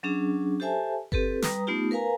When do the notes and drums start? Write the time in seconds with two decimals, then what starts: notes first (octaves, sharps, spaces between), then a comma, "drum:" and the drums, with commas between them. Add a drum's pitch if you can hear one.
0.03 F#3 C#4 D4 G#4
0.60 G4 A4 C5 E5 G#5 A5
1.12 C4 G4 A4 B4, drum: kick G1
1.42 G3 B4 A#5 D#6, drum: snare
1.67 A3 B3 D#4 F4 G4
1.91 A#4 B4 F5 G#5 A#5